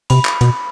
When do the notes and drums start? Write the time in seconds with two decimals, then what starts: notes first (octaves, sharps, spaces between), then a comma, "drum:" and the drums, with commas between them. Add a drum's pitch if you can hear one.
0.10 C3 B5, drum: hi-hat
0.25 drum: clap
0.41 B2, drum: hi-hat